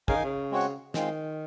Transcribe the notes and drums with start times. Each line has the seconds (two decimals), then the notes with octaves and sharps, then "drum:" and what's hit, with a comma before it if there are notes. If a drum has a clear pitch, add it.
0.08 C#3 D#4 A#4 F5 G#5, drum: kick
0.16 D#3
0.24 C#3
0.51 G#3 C4 F#4 C#5 F#5
0.61 drum: tambourine
0.94 D#3 G#3 C4 F4, drum: snare